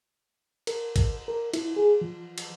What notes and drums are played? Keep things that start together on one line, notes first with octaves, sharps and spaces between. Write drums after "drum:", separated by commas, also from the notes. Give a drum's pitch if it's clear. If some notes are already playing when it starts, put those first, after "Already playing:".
A#4, drum: cymbal
drum: kick G#1, cymbal
A#4
E4, drum: cymbal
G#4
F3
drum: cymbal